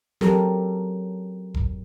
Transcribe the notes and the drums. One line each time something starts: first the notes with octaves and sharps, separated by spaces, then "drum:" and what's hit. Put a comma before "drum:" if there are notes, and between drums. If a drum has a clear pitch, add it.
F#3 C4 G4 A4 A#4, drum: snare
drum: kick E1